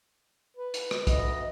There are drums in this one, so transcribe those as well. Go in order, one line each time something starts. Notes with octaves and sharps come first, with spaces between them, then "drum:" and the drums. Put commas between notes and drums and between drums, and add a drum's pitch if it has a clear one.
B4
drum: hi-hat
drum: rim click
D2 D#5, drum: kick, hi-hat